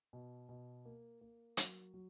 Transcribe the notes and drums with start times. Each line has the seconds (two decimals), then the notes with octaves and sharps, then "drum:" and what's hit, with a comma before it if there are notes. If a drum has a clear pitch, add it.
0.13 B2
0.49 B2
0.85 A#3
1.21 A#3
1.57 F#3, drum: hi-hat
1.94 F#3